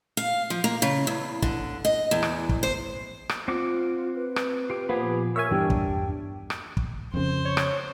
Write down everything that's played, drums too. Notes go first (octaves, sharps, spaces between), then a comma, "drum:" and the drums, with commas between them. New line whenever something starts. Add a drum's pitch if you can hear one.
F5
F3
A#3
C#3
E2
D3, drum: kick
D#5
E2
drum: rim click
drum: kick
C5
drum: rim click
C4 F4 F#5 D6
B4
drum: rim click
F4 G4
A#2 F3 B3 G4 G#4 B5
A#4 C#5 E5 G#5 E6 F6
E2 G2 G3 D4 G5
drum: kick
drum: rim click
drum: kick
F2 C#3 C5
C#5
drum: rim click